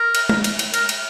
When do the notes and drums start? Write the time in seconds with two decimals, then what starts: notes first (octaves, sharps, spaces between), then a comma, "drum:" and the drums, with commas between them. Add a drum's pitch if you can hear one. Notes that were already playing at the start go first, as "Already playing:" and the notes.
Already playing: A#4
0.15 drum: cymbal
0.29 drum: tom G#3
0.44 drum: cymbal
0.59 drum: cymbal
0.74 A#4, drum: cymbal
0.89 drum: cymbal